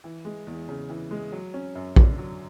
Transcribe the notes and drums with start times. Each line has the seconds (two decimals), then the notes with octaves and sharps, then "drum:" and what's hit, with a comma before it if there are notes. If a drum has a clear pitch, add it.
0.04 E3
0.25 G#3
0.47 E2
0.69 C#3
0.89 E3
1.11 G#3
1.32 F#3
1.54 C#4
1.75 F#2
1.96 D3, drum: kick A#1
2.18 F#3